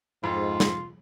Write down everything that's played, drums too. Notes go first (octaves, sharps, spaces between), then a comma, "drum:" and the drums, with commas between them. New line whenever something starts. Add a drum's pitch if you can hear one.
F2 G#2 F4
drum: snare